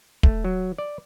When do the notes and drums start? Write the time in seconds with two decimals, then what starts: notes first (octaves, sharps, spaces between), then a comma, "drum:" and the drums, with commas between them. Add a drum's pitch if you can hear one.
0.23 A3, drum: kick
0.45 F#3
0.78 D5